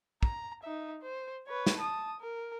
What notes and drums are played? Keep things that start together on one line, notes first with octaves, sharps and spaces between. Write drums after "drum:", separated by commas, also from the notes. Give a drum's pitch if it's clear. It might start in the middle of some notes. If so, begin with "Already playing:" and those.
A#5, drum: kick
D#4 E5
C5
B4 C#5
drum: snare
A5 D#6
A#4